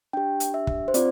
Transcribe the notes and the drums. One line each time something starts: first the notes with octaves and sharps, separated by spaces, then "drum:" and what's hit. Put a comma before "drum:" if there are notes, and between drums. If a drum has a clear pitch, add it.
D4 G4 G5
drum: hi-hat
E5
drum: kick
C5
C4 F4 D5, drum: hi-hat